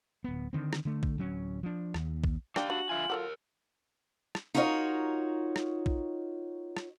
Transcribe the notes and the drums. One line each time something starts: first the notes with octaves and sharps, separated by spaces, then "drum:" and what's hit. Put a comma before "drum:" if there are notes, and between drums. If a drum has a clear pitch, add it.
D1 B3
D3 D#3 C4
drum: rim click
D3 A3
drum: kick A#1
D1 F#3 C#4
F3 D4
D#2, drum: rim click
drum: kick A#1
D4 G4 D5 F5 G5, drum: rim click
D4 F#4 F#7
D3 F4 E5 G#5
F#3 G4 A4 A#4 F#5
drum: rim click
D#4 F4 F#4 A#4 C#5 D#5
drum: rim click
drum: kick A#1
drum: rim click